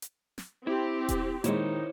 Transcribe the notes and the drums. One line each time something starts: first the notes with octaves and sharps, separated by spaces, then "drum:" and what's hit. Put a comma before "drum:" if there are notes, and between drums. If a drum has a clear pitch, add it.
drum: hi-hat
drum: snare
C4 E4 G4
drum: kick E1, hi-hat
A#2 D#3 G#3 D#4 E4 C5 C#5, drum: hi-hat